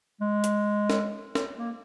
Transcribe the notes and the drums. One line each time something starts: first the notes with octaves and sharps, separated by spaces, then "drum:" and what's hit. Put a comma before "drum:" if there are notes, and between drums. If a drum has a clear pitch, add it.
G#3
drum: hi-hat
drum: snare
drum: snare
A#3